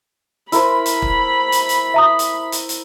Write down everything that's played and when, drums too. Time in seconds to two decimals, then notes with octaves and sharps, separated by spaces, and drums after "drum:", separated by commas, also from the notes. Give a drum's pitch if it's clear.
0.52 E4 A#4 C5 B5, drum: hi-hat
0.86 drum: hi-hat
1.02 drum: kick
1.52 drum: hi-hat
1.69 drum: hi-hat
1.94 E5 A#5 D#6
2.19 drum: hi-hat
2.52 drum: hi-hat
2.69 drum: hi-hat